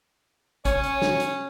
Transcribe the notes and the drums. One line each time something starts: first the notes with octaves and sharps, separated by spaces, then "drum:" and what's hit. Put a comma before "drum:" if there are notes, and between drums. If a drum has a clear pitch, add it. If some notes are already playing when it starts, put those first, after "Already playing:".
C#4 C#5, drum: kick, hi-hat
drum: hi-hat
drum: snare
drum: hi-hat